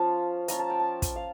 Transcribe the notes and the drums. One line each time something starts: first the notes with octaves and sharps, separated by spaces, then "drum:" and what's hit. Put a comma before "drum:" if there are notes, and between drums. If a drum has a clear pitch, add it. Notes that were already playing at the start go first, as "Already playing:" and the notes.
Already playing: F3 C#4 F4 A5
F3 C#4 F4 A#5, drum: hi-hat
A5
G5
A5
drum: kick, hi-hat
F5